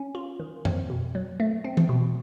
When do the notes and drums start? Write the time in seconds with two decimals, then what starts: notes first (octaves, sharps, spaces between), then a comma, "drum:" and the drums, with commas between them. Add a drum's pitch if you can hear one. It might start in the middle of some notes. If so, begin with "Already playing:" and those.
Already playing: C#4
0.15 F4
0.40 D#3
0.65 C4, drum: tom F2
0.90 B2
1.15 F#3
1.40 A3
1.64 C4
1.77 drum: tom E3
1.89 B2